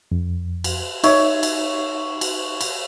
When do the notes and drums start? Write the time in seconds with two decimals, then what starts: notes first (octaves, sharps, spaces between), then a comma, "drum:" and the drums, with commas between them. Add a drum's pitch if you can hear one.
0.12 F2
0.64 drum: cymbal
1.04 D#4 C#5 E5, drum: cymbal
1.43 drum: cymbal
2.21 drum: cymbal
2.61 drum: cymbal